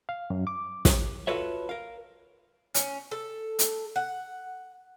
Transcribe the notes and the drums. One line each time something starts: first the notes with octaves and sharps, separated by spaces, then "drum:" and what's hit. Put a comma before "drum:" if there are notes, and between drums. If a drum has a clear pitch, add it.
F5
F#2
D6
drum: snare
F4 F#4 A4 B4 C#5 E5
A#4 F5
C#4, drum: hi-hat
A4
drum: hi-hat
F#5